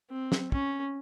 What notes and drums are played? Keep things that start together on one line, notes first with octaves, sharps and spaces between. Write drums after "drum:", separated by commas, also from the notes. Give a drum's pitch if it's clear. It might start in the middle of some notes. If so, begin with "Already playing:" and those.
C4
drum: snare
C#4, drum: kick